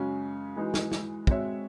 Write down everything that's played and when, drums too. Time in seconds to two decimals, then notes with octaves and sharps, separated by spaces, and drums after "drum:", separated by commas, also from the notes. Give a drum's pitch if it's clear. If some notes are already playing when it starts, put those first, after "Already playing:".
Already playing: F#2 C#3 G#3 C#4 F#4
0.57 E3 G#3 D#4 F#4
0.74 drum: snare
0.92 drum: snare
1.27 G#3 C4 F#4 C#5 E5, drum: kick